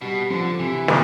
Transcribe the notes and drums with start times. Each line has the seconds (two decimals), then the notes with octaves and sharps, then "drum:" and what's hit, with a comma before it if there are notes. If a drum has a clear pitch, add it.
0.01 B2 G3
0.30 D3 F3
0.59 C3 E3
0.88 A#2, drum: snare